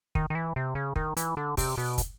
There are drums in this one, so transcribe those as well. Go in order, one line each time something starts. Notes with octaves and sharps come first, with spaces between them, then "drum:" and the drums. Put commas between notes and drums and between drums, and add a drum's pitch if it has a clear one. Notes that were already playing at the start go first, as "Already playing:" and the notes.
D#3, drum: kick
D#3
E3
C3
C#3
D#3, drum: kick
E3, drum: hi-hat
D3
C3, drum: kick, open hi-hat
B2
drum: kick, hi-hat